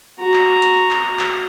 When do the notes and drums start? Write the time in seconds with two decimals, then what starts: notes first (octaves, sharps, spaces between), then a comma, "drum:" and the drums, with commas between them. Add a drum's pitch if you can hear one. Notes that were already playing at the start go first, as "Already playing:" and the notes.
0.19 F#4 A#5
0.34 drum: clap
0.62 drum: hi-hat
0.91 drum: clap
1.19 drum: clap